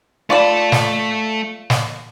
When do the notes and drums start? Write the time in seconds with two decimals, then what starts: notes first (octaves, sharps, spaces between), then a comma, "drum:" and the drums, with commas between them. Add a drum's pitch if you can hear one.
0.30 A3 F4 D5 A5 B5
0.72 drum: snare
1.70 drum: snare